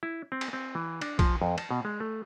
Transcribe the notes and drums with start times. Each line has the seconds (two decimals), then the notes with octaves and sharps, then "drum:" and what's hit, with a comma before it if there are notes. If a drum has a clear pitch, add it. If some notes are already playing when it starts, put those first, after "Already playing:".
0.03 E4
0.32 C4
0.41 drum: cymbal
0.53 C4
0.75 E3
1.01 D4, drum: cymbal
1.19 F3, drum: kick A#1, cymbal
1.42 F2
1.58 A5, drum: cymbal
1.71 B2
1.85 G#3
2.00 A3